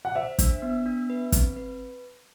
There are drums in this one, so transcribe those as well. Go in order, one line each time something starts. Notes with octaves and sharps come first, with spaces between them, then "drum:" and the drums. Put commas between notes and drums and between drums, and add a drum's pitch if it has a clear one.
F#5
C5 E5
D4, drum: kick, hi-hat
B3
D4
B4
C4, drum: kick, hi-hat
B4